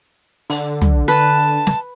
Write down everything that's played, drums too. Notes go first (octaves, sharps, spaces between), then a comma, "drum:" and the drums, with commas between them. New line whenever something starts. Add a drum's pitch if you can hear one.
D3, drum: open hi-hat
drum: tom
B4 A5
drum: snare